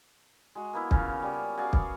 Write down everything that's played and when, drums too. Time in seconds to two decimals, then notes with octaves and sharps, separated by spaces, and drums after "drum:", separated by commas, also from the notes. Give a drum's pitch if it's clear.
0.55 G#3 F#4
0.73 A#3 B3 E4
0.91 C#3 C#4 F4, drum: kick
1.22 G3 C#4 D6
1.57 F#4 G#4 D5 F5
1.73 B3 C#4, drum: kick